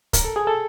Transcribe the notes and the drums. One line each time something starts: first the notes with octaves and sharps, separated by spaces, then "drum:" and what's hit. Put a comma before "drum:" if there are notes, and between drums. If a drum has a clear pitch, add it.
A#4, drum: kick D1, hi-hat
A4
G#4
A4